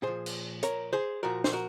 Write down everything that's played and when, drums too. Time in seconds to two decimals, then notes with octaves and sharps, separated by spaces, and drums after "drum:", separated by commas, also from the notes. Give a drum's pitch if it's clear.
0.02 A#2 F3 G#4 C5
0.26 drum: cymbal
0.63 A#4 C#5, drum: hi-hat
0.93 G#4 C5
1.23 A#2 F3 F#4 A#4
1.44 C5, drum: snare
1.53 F#4 A#4